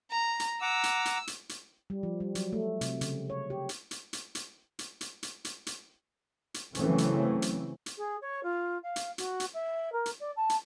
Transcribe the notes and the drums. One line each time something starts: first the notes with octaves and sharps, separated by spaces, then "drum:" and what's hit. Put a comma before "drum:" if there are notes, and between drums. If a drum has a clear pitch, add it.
A#5
drum: hi-hat
F#5 A#5 D6 E6
drum: hi-hat
drum: hi-hat
drum: hi-hat
drum: hi-hat
G3
F3
G3
F#3, drum: hi-hat
A3
C3, drum: hi-hat
C#3, drum: hi-hat
C#5
G4
drum: hi-hat
drum: hi-hat
drum: hi-hat
drum: hi-hat
drum: hi-hat
drum: hi-hat
drum: hi-hat
drum: hi-hat
drum: hi-hat
drum: hi-hat
C#3 E3 F#3 A3 C4 C#4, drum: hi-hat
drum: hi-hat
drum: hi-hat
drum: hi-hat
G#4
C#5
F4
F5
drum: hi-hat
F#4, drum: hi-hat
drum: hi-hat
E5
A#4
drum: hi-hat
D5
A5
drum: hi-hat